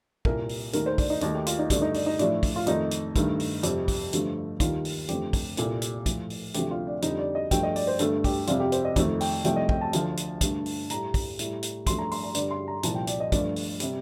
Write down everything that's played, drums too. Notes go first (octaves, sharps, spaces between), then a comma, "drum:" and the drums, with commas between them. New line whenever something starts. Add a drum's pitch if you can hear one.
C2 A#2 G3 A#4, drum: kick
drum: open hi-hat
D#2 D#3 A3 A#4, drum: hi-hat
C5
D4, drum: kick, open hi-hat
D#4
D#2 D#3 A3 D#4, drum: hi-hat
G4
F4, drum: hi-hat
D#4
G2 D3 A3 D4, drum: kick, hi-hat
D#4
D4, drum: open hi-hat
D#4
A2 F3 A3 D4, drum: hi-hat
drum: kick, open hi-hat
F4
F2 D#3 A3 D#4, drum: hi-hat
drum: hi-hat
G2 D#3 A3, drum: kick, hi-hat
drum: open hi-hat
F2 C3 G3, drum: hi-hat
drum: kick, open hi-hat
G2 D3 F3 A3, drum: hi-hat
D#2 D#3 G3 F4, drum: kick, hi-hat
drum: open hi-hat
F2 D3 A3 G4, drum: hi-hat
drum: kick, open hi-hat
C2 A#2 G3 A4, drum: hi-hat
drum: hi-hat
A2 F3 A3, drum: kick, hi-hat
drum: open hi-hat
D2 C3 F3 A3 G4, drum: hi-hat
F4
D4
F2 D3 G3 D#4, drum: hi-hat
D5
D#5
G2 F3 A3 G5, drum: kick, hi-hat
D#5
D5, drum: open hi-hat
C5
G2 D3 A3 A4, drum: hi-hat
G4, drum: kick, open hi-hat
F2 C3 G3 F4, drum: hi-hat
G4
C5, drum: hi-hat
D#5
F2 D#3 A3, drum: kick, hi-hat
G5, drum: open hi-hat
C2 C3 F3 A3 G5, drum: hi-hat
D#5
G5, drum: kick
A5
D2 D3 F3, drum: hi-hat
drum: hi-hat
G2 D3 A3, drum: kick, hi-hat
drum: open hi-hat
A2 G3 A#5, drum: hi-hat
drum: kick, open hi-hat
A2 G3, drum: hi-hat
drum: hi-hat
G2 F3 A3 C6, drum: kick, hi-hat
A#5
C6, drum: open hi-hat
A#5
G2 D3 G3 D5, drum: hi-hat
C6
A#5
C2 A#2 F3 A5, drum: hi-hat
G5
D5, drum: hi-hat
D#5
G2 F3 A3 D5, drum: kick, hi-hat
drum: open hi-hat
C3 G3, drum: hi-hat